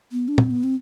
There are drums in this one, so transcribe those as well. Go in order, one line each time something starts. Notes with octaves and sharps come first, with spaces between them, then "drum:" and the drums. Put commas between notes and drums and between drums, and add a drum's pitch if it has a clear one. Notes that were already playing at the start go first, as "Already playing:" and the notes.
B3
D4
C4, drum: tom A#2
B3
C4